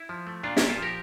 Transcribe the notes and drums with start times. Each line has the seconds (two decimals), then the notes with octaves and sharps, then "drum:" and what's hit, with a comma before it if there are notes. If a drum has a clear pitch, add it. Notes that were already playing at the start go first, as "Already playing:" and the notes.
Already playing: E4
0.09 F3
0.27 A3
0.43 A#2 D4 F4
0.57 A#2 E4 G4, drum: snare
0.69 F4 A4
0.78 F3 G4 A#4